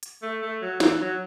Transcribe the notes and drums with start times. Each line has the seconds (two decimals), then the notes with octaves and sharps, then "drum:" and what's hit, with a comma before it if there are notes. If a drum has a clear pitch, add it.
0.03 drum: hi-hat
0.23 A3
0.42 A3
0.62 F#3
0.80 E3, drum: snare
1.01 F#3